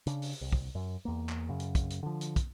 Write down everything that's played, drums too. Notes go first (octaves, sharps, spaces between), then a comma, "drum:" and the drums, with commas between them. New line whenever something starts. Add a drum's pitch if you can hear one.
C#3 D4, drum: hi-hat
drum: open hi-hat
C2
drum: kick
F#2
E2 A#3
drum: clap
F#2 C#3
drum: hi-hat
drum: kick, hi-hat
drum: hi-hat
D3 F3
drum: hi-hat
drum: kick, hi-hat